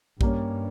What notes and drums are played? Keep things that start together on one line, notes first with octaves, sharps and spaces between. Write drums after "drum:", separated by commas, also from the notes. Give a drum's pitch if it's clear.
G2 G3 A#3 C#4, drum: kick A#1